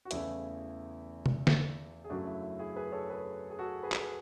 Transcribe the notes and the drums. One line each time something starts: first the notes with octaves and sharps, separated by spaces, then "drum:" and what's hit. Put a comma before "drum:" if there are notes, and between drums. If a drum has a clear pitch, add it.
F#4
E2 C#3 E3 A3 E4, drum: hi-hat
drum: tom C3
drum: snare
G#4
F#2 C#3 F#3 A3 D4 F#4
E4
E4
E4 G#4
G#4 B4
A4 C#5
G#4 B4
G#4
F#4 A4
G#4 B4
drum: clap